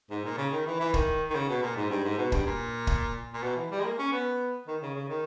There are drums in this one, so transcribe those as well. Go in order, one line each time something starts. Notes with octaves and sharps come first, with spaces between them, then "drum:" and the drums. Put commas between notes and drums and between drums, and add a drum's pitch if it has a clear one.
G#2
A#2
C#3
D#3
E3
E3
D#3, drum: kick
D#3
C#3
B2
A#2
G#2
G2
G#2
B2
G2, drum: kick
A#2
drum: kick
A#2
B2
E3
G3
G#3
A#3
C#4
B3
D#3
C#3
C#3
D#3